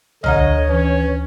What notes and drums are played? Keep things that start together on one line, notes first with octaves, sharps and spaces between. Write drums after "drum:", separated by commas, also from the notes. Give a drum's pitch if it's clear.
D2 D3 C#5 D#5 A#5 F6, drum: tom
E3 C#4